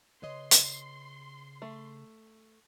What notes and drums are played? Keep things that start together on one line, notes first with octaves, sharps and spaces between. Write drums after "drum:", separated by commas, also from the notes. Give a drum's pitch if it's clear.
C#3 B4 C#5 D#5 C6
drum: hi-hat
A3